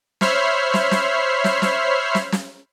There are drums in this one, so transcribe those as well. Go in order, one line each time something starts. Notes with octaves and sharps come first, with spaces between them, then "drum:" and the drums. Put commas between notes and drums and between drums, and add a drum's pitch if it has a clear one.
C5 C#5 E5 B5 F6 C7, drum: snare
drum: snare
drum: snare
drum: snare
drum: snare
drum: snare
drum: snare